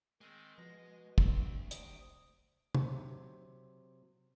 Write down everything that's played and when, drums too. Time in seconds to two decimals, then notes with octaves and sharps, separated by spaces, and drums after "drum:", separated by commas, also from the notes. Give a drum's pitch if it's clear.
0.21 D#3 G#3 C4
0.58 B2 F3 A#6
1.18 D2 C4 D4, drum: kick
1.71 C3 G5 D#6, drum: hi-hat
2.75 C3 F#3, drum: tom